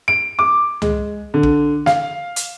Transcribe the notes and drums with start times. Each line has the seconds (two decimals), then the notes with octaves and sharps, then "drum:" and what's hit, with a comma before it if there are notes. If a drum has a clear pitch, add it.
0.08 D7
0.39 D6
0.82 G#3, drum: tom C#2
1.34 D3
1.43 drum: kick
1.86 F5, drum: snare
2.36 drum: hi-hat